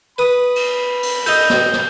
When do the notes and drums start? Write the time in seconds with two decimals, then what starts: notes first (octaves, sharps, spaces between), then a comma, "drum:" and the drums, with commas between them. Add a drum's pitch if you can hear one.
0.18 B4 B5 D#6
0.56 drum: cymbal
1.03 drum: cymbal
1.26 A4 D#5 G6, drum: cymbal
1.50 drum: snare
1.73 drum: snare